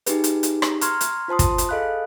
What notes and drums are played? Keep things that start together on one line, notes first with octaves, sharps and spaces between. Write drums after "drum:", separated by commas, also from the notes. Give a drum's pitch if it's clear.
D#4 G4 G#4 B4, drum: hi-hat
drum: hi-hat
drum: hi-hat
drum: rim click
A#5 C6 C#6 F6 G#6, drum: hi-hat
drum: hi-hat
F4 C5 A5 C6 D#6
drum: kick, hi-hat
drum: hi-hat
G#4 A4 D#5 F5 B5 F#6